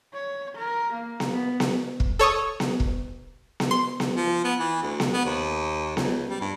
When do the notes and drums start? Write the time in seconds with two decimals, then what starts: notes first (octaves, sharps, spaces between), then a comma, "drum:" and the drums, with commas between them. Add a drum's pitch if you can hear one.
0.14 C#5
0.55 A#4
0.93 A#3
1.20 drum: snare B3
1.32 B3
1.60 drum: snare B3
2.00 drum: kick
2.19 A4 C#5 C#6 D#6
2.60 drum: snare B3
2.80 drum: kick
3.60 drum: snare B3
3.71 C6
4.00 drum: snare B3
4.16 F3
4.45 B3
4.60 E3
4.82 D2
5.00 drum: snare B3
5.13 B3
5.25 D#2
5.97 C#2, drum: snare B3
6.29 G3
6.41 G2